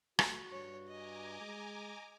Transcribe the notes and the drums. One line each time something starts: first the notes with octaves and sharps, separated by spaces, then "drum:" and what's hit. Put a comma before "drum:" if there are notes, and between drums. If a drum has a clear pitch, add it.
A3 F#4, drum: rim click
G2 C#5
D#5 G#5 A#5 D6
G#3